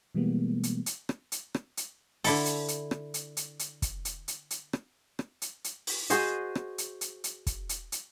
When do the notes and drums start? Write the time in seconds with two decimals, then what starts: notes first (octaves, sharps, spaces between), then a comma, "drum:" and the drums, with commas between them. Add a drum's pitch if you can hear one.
0.15 B2 E3 G3 G#3 A#3 B3
0.63 drum: hi-hat
0.86 drum: hi-hat
1.09 drum: rim click
1.32 drum: hi-hat
1.55 drum: rim click
1.77 drum: hi-hat
2.24 D3 E4 A4, drum: open hi-hat
2.46 drum: hi-hat
2.68 drum: hi-hat
2.91 drum: rim click
3.14 drum: hi-hat
3.37 drum: hi-hat
3.59 drum: hi-hat
3.82 drum: kick, hi-hat
4.05 drum: hi-hat
4.28 drum: hi-hat
4.51 drum: hi-hat
4.73 drum: rim click
5.19 drum: rim click
5.42 drum: hi-hat
5.64 drum: hi-hat
5.87 drum: open hi-hat
6.10 F#4 G#4 C5 D#5, drum: hi-hat
6.55 drum: rim click
6.78 drum: hi-hat
7.01 drum: hi-hat
7.24 drum: hi-hat
7.47 drum: kick, hi-hat
7.69 drum: hi-hat
7.92 drum: hi-hat